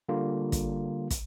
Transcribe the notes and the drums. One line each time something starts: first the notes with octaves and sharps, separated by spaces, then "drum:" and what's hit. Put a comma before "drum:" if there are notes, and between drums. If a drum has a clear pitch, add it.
D3 G3 A#3 F4
drum: kick, hi-hat
drum: kick, hi-hat